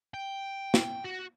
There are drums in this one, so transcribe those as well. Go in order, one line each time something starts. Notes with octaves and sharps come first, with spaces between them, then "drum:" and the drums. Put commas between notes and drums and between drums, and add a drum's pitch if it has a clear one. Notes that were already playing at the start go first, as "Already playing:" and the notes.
G5
drum: snare
F#4